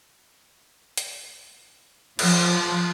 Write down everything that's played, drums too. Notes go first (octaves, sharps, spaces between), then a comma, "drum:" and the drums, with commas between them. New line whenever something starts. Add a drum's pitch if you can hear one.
drum: hi-hat
F3, drum: cymbal